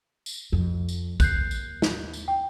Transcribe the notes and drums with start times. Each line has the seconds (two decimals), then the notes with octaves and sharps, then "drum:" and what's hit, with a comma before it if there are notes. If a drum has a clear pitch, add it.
0.26 drum: tambourine
0.52 F2
0.89 drum: tambourine
1.20 D#2 F#6 G6 C7, drum: kick, tambourine
1.51 drum: tambourine
1.82 drum: snare
2.14 drum: tambourine
2.28 G5